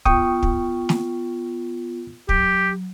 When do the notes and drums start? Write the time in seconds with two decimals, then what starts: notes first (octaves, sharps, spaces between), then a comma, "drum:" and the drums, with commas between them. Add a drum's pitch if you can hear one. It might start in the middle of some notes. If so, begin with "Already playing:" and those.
0.05 B3 F4 G5 C#6 D#6, drum: kick
0.43 drum: kick
0.89 drum: snare
2.29 F#3 G4, drum: kick